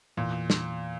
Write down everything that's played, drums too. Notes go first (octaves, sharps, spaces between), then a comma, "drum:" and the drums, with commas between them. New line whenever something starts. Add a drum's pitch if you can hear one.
E2 A#2
drum: snare